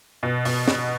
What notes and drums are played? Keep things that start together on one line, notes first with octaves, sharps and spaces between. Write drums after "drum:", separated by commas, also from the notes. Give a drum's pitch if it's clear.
B2
B2, drum: open hi-hat
B2, drum: snare